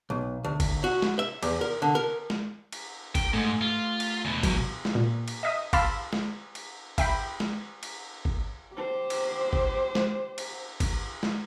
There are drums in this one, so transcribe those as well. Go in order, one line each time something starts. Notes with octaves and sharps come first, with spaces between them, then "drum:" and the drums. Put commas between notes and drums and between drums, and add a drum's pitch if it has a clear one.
B1
D2
drum: kick G1, cymbal
F#4
drum: snare
E5
E2, drum: cymbal
A#4
D3
A#4
drum: snare
drum: cymbal
G5, drum: kick G1, cymbal
G#2 A3
F4
drum: cymbal
E2 B2
F#3, drum: kick G1, cymbal
drum: snare
A#2
drum: cymbal
D#5 E5 D#6
F5 A5 B5 C6 E6, drum: kick G1, cymbal
drum: snare
drum: cymbal
E5 G5 B5, drum: kick G1, cymbal
drum: snare
drum: cymbal
drum: kick G1
G4 C5
drum: cymbal
drum: kick G1
drum: snare
drum: cymbal
drum: kick G1, cymbal
drum: snare